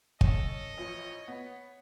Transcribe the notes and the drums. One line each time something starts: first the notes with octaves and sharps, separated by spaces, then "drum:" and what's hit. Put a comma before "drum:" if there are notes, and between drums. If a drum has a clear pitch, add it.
C#4 A4 D#5, drum: kick
A1 F3 C#5
B3